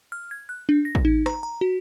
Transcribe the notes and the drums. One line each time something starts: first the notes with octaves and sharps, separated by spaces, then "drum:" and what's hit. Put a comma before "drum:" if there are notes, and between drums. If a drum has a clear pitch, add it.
F6
G#6
F#6
D4
A#6
drum: kick
D#4
A#5, drum: rim click
A#5
F#4